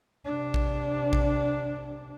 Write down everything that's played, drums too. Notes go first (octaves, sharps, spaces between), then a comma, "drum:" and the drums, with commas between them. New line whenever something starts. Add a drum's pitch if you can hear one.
C3 D4
drum: kick A1
drum: kick A1